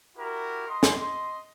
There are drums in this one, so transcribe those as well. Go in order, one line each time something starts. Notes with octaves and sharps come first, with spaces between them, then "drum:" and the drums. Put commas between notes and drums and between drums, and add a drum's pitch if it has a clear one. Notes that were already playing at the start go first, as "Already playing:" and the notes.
E4 F#4 G4 A#4
D#5 C6
drum: snare